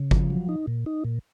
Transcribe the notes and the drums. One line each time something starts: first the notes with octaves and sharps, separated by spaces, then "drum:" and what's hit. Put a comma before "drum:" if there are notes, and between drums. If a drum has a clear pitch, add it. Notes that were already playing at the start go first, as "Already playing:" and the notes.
Already playing: C#3
F3, drum: kick G1
F#3
D#4
A#2
D#4
A#2